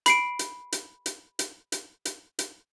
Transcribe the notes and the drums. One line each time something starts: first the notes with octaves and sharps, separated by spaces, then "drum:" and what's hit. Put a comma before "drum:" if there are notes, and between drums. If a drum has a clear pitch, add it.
B5 C7 D7, drum: hi-hat
drum: hi-hat
drum: hi-hat
drum: hi-hat
drum: hi-hat
drum: hi-hat
drum: hi-hat
drum: hi-hat